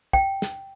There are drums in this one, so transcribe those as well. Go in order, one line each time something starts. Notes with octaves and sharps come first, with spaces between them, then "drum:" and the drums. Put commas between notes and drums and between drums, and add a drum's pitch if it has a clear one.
G5, drum: kick
drum: snare